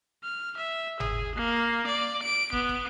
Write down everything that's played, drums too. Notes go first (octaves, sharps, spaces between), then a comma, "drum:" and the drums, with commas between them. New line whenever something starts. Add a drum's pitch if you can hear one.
F6
E5
G#4, drum: tom G1
A#3
D5
D7
B3, drum: kick
drum: kick